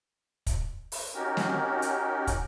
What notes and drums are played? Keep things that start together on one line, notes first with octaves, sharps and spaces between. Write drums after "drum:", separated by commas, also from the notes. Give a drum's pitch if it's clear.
drum: kick, hi-hat
drum: open hi-hat
C#4 D#4 F#4 G4 A#4
drum: snare
drum: hi-hat
drum: kick, hi-hat